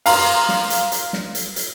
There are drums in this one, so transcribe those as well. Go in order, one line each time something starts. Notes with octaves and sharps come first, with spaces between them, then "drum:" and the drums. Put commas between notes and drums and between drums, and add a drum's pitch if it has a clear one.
F5 A#5 C6, drum: open hi-hat
drum: snare
drum: hi-hat
drum: hi-hat
drum: snare
drum: hi-hat
drum: hi-hat